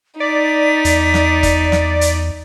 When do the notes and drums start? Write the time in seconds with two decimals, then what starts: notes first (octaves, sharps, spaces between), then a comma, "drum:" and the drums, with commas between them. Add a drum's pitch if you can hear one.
0.20 D#4 D5 B6
0.85 E2, drum: hi-hat
1.14 drum: snare
1.43 drum: kick F1, hi-hat
1.72 drum: snare
2.01 drum: hi-hat